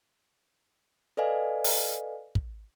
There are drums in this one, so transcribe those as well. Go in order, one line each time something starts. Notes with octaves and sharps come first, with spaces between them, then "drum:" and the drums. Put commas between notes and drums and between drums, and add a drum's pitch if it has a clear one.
A4 B4 D5 D#5 F5 G#5
drum: open hi-hat
drum: kick